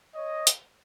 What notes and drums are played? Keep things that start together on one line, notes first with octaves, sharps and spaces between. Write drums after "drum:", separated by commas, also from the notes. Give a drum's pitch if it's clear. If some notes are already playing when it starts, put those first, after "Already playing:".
C#5 D#5
drum: hi-hat